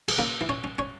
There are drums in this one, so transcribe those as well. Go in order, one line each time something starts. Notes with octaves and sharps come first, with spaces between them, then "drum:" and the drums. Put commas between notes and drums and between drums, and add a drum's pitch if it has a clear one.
G#4, drum: cymbal
C#3 A#3 A#4
E3
C#4 C#5
C#4
C#4 C#5